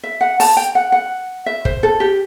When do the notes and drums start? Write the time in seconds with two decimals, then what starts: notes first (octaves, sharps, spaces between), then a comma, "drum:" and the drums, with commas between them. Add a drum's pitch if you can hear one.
0.03 E5
0.21 F#5
0.40 A5, drum: open hi-hat
0.57 G5
0.75 F#5
0.92 F#5
1.46 E5
1.65 C5, drum: kick
1.83 A4
2.00 G4